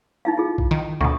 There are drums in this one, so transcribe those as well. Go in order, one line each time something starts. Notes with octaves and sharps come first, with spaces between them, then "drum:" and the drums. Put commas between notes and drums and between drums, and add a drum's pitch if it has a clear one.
D#4 E4 F5
F4 G#4
drum: kick A#1
D#3
D2 B2 C#6 D#6